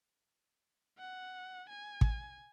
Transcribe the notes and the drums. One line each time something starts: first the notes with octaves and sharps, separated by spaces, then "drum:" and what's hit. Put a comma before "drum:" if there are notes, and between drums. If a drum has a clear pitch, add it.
F#5
G#5
drum: kick